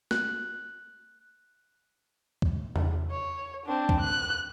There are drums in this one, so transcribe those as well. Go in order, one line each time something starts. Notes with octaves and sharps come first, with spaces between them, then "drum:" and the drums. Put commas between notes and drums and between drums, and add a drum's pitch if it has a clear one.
F#6, drum: snare
drum: kick
drum: tom E2
C#5
C4 D4
drum: kick
F#6